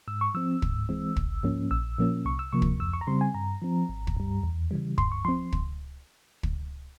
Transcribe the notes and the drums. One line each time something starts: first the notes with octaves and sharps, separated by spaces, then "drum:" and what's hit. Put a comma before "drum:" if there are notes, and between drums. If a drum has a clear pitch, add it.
G#2 E6
C#6
F3 C4 E6
G#2, drum: kick
E3 G#3 C4
G#1, drum: kick
G#2 F3 A#3 C#4
A#1 E6
A#2 F3 A#3 C#4
C2 C#6
E6
C3 F3 A#3 C#6
drum: kick
F2 E6
C#6
A#5
C#3 G3 C4 C6
G#5
G2 A#5
F3 C4
G#1
drum: kick
G2 G3
E2
C#3 E3 G3
G2 C6, drum: kick
C#6
F3 C4 C6
drum: kick
drum: kick